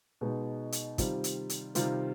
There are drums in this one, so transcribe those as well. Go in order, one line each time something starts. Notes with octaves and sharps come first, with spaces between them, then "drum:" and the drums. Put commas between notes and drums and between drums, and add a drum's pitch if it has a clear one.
B2 G#3 B3 D#4
drum: hi-hat
C3 D#3 G3 C4 F4, drum: kick, hi-hat
drum: hi-hat
drum: hi-hat
C3 D#3 G3 C4 F4, drum: hi-hat